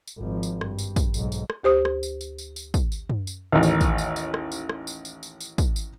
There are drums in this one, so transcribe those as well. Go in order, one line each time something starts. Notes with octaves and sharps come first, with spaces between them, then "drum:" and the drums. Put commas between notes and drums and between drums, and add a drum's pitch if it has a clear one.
drum: tambourine
G#1 F3
drum: tambourine
G2, drum: rim click
drum: tambourine
drum: kick, tambourine
B1 G#2, drum: tambourine
drum: tambourine
drum: rim click
D2 G4 C5 D#6
drum: rim click
drum: tambourine
drum: tambourine
drum: tambourine
drum: tambourine
drum: kick, tambourine
drum: tambourine
drum: tom
drum: tambourine
A1 D#2
drum: tambourine
drum: kick, tambourine
drum: tambourine
drum: tambourine
drum: rim click
drum: tambourine
drum: rim click
drum: tambourine
drum: tambourine
drum: tambourine
drum: tambourine
drum: kick, tambourine
drum: tambourine